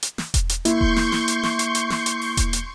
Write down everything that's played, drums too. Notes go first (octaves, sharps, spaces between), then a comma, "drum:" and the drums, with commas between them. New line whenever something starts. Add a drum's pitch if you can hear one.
drum: hi-hat
drum: snare
drum: kick E1, hi-hat
drum: hi-hat
A#3 E4 C6 C#6 G6, drum: hi-hat
drum: kick E1
drum: snare
drum: snare
drum: hi-hat
drum: snare
drum: hi-hat
drum: hi-hat
drum: snare
drum: hi-hat
drum: open hi-hat
drum: kick E1, hi-hat
drum: hi-hat